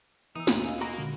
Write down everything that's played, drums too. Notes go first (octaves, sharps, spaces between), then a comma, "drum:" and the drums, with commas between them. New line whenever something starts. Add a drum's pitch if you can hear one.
E3 D#4 D#6 E6
D2 A#2 F4, drum: snare
D#5 F5 G#5
A#3 F#4 A#5 B5
A#2 D3 G#3